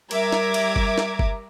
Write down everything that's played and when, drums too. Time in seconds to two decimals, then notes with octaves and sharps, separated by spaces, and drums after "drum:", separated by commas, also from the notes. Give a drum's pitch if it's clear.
0.11 G3 A#4 E5 A#5 D6 G#6, drum: cymbal
0.33 drum: snare
0.54 drum: cymbal
0.76 drum: kick F#1
0.98 drum: snare
1.19 drum: kick F#1